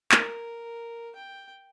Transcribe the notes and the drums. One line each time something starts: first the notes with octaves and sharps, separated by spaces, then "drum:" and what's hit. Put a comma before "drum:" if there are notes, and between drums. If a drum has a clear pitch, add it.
A#4, drum: clap
G5